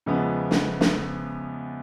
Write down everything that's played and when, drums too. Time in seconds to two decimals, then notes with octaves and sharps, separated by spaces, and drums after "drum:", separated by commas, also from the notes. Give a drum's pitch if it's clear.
0.06 E2 C#3 F3 G#3 B3
0.51 drum: snare
0.81 drum: snare